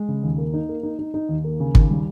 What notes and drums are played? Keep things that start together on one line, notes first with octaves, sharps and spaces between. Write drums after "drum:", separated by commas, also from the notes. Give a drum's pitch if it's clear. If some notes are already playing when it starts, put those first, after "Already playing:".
Already playing: G#3
C#3
D#2
A#3
D#4
A#3
D#4
D#4
D#4
D#2
A#3
C#3
D#2, drum: kick
G3